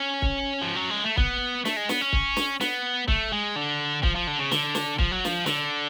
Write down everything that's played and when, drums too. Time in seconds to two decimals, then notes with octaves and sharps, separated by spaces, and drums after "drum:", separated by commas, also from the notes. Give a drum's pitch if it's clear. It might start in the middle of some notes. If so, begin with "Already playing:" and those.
Already playing: C#4
0.22 drum: kick
0.62 F3
0.76 F#3
0.90 G#3
1.04 A3
1.17 B3, drum: kick
1.65 A3, drum: snare
1.77 G#3
1.89 B3, drum: snare
2.01 C#4
2.13 drum: kick
2.36 drum: snare
2.61 B3, drum: snare
3.08 A3, drum: kick
3.32 G#3
3.56 D3
4.03 F3, drum: kick
4.16 F3
4.27 D3
4.39 C#3
4.51 D3, drum: snare
4.75 drum: snare
4.99 F3, drum: kick
5.11 F#3
5.25 F3, drum: snare
5.46 D3, drum: snare